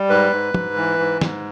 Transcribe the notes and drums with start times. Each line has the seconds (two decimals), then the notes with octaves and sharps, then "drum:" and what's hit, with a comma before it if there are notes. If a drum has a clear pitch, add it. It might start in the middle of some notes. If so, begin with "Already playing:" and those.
Already playing: G3
0.09 G#2 B4
0.32 G#2
0.54 G#2, drum: tom
0.76 E3
0.99 G#2
1.21 G#2, drum: snare